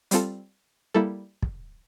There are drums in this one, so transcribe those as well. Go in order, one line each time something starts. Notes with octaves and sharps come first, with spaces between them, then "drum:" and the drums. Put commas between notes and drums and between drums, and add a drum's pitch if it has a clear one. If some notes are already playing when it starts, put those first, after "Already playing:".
G3 C4 F4 A4, drum: hi-hat
G3 A#3 E4 A4
drum: kick